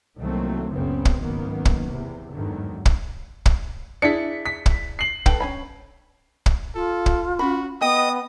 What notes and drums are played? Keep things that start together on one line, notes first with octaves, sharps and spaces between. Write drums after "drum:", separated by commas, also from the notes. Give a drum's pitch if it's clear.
C2 D#3 F#3 A3 A#3 C4
F#1 C#2 F#2 C#3 B3 C4
drum: kick
G#1 F#2 D#3 A#3 B3
drum: kick
E2 C3
G1 E2 G#2 D3 D#3 F#3
drum: kick
drum: kick
D4 E4 G#4 B6 C#7
B6
drum: kick
C7 F#7
A4 B4 G5, drum: kick
C#4 G#5 B5
drum: kick
F4 A4
drum: kick
C#4 F#4 B5
B3 D#5 G5 D#6